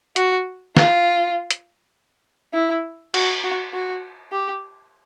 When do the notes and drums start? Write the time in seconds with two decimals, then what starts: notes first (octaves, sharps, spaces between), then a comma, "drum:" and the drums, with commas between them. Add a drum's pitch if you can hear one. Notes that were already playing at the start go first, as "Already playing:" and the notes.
0.16 F#4, drum: hi-hat
0.77 F4, drum: snare
1.51 drum: hi-hat
2.54 E4
3.14 F#4, drum: cymbal
3.44 F#4
3.73 F#4
4.32 G4